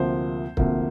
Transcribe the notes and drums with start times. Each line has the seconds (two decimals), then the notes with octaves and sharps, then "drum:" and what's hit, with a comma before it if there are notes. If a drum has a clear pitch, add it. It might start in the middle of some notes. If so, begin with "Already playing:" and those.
Already playing: D2 C3 F3 A#3 C5
0.57 D2 C3 F3 A#3, drum: kick C#1